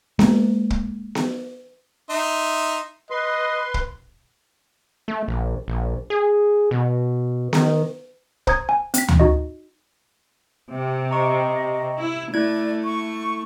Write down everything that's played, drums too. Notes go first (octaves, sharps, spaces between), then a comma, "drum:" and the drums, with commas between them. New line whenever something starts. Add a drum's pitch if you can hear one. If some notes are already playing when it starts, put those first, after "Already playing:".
G#3 A#3, drum: snare B3
drum: kick
drum: snare B3
D#4 E5 C6
B4 D#5 C6
drum: kick
A3
A#1
A#1
G#4
B2
D#3, drum: snare B3
C5 A#5 D#6 G#6, drum: kick
G#5
C4 B6, drum: hi-hat
drum: tom D2
D#4 F#4 D#5
C3
D#5 A#5 C#6
E4
A3 E4 D5 G#6
C#6